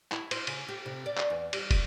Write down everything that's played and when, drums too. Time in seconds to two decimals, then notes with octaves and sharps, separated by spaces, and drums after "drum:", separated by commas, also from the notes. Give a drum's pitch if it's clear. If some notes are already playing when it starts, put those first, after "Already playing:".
0.12 E4, drum: clap
0.31 C5, drum: cymbal
0.47 C#3, drum: cymbal
0.68 G4
0.86 C3
1.06 D5
1.18 drum: clap
1.30 E2
1.53 G3, drum: cymbal
1.71 drum: kick, cymbal